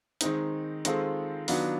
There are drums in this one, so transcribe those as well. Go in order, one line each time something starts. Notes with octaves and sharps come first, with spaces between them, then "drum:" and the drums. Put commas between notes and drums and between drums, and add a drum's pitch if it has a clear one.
D#3 G#3 C4 D#4, drum: hi-hat
D#3 G#3 C4 F4 A4, drum: hi-hat
D#3 F#3 B3 D4 F4, drum: open hi-hat